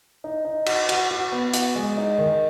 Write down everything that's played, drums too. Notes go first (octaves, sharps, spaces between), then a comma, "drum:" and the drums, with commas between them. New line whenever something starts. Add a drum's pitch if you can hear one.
D#4
D#4
F#4, drum: cymbal
F#4, drum: cymbal
F#4
B3
F#4, drum: hi-hat
G#3
D#4
D#3